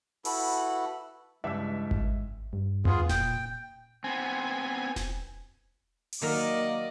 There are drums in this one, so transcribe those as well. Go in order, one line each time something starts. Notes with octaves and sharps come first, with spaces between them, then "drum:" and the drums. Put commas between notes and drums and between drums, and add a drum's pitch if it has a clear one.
E4 F#4 A4 B4, drum: open hi-hat
C#2 G2 E3 G#3 D5 E5 E6
drum: kick G#1
G2
B3 F4 G#4, drum: tom E2
A#2 G5, drum: snare E1
B3 C4 G#5
drum: snare E1
drum: open hi-hat
D#3 F#3 A#3 A#4 D5 D#5